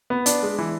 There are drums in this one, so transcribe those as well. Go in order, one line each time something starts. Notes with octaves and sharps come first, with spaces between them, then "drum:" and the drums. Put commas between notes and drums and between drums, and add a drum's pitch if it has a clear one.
B3
D4, drum: hi-hat
G#3
E3